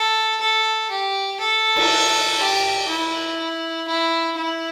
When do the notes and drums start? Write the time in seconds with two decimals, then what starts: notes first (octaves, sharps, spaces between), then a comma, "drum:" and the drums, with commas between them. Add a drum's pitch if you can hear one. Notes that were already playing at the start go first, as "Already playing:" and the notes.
Already playing: A4
0.40 A4
0.90 G4
1.40 A4
1.76 drum: cymbal
2.38 G4
2.88 E4
3.87 E4
4.36 E4